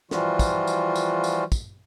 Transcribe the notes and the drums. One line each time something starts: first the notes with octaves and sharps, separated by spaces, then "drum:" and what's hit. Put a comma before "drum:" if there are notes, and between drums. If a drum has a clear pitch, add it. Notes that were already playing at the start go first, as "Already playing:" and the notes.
E3 F3 G3 F4 F#4, drum: snare
drum: kick, tambourine
drum: tambourine
drum: tambourine
drum: tambourine
drum: kick, tambourine